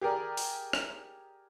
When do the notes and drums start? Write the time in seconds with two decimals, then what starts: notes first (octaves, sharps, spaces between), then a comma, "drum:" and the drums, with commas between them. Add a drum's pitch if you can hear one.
0.01 G4 G#4 A#4 D5
0.37 drum: open hi-hat
0.73 drum: rim click